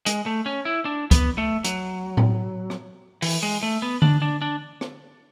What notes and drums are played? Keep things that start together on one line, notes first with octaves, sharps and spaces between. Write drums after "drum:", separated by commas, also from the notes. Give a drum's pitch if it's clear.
G#3, drum: hi-hat
A3
C#4
E4
D4
B3, drum: kick, hi-hat
A3
F#3, drum: hi-hat
drum: tom A2
drum: rim click
E3, drum: open hi-hat
G#3
A3
B3
D4, drum: tom D3
D4
D4
drum: rim click